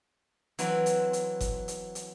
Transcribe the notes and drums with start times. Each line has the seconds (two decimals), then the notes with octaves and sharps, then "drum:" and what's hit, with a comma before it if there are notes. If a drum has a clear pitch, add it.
0.59 E3 F#3 C4, drum: hi-hat
0.86 drum: hi-hat
1.13 drum: hi-hat
1.41 drum: kick F#1, hi-hat
1.68 drum: hi-hat
1.95 drum: hi-hat